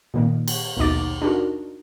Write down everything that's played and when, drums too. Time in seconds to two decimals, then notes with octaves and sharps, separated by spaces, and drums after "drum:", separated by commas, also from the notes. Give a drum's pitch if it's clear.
0.14 A#2 D#3 A#3
0.48 drum: cymbal
0.77 A#1 D#2 B2 D#4 D6 A6
1.22 D4 D#4 F4 F#4 A#4